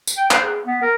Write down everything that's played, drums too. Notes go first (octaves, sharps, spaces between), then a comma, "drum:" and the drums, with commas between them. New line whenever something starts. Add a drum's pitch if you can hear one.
drum: tambourine
G5
C5, drum: clap
G#4
B3
A#4